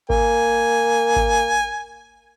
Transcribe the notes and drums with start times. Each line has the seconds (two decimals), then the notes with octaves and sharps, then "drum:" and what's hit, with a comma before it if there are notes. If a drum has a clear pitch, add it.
0.10 A#3 G#5, drum: kick G#1
1.16 drum: kick G#1